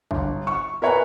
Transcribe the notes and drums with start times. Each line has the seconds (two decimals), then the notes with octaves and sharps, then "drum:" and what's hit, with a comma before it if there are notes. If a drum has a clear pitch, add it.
0.11 G1, drum: kick
0.47 C#6
0.82 A#4 B4 C#5 G#5 A#5 F#6